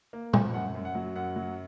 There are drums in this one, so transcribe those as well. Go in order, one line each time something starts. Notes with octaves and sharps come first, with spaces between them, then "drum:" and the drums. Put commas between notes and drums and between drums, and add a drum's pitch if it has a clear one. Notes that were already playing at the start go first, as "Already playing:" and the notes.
A#3
F3, drum: tom
F#2 F#5
F#2
F#5
F#3
F#2 F#5
F#3